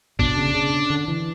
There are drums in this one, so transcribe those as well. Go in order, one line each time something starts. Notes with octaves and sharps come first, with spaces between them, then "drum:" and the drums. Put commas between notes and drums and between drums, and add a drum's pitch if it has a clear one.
B2 D4, drum: kick G1
C#3
C#3
D3
E3